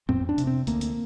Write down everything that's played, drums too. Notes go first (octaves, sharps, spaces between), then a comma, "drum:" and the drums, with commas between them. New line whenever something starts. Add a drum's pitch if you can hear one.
F2 C4, drum: tom A2
D4
C3, drum: hi-hat
C4
D2 A#3, drum: hi-hat
drum: hi-hat